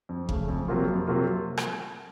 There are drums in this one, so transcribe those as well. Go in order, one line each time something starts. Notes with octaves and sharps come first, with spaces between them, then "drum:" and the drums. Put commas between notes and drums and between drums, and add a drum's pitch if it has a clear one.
F2
C#3 A3, drum: kick F#1
F2
C3 F#3 A#3 F4
F2
C3 F#3 A#3 F4
drum: rim click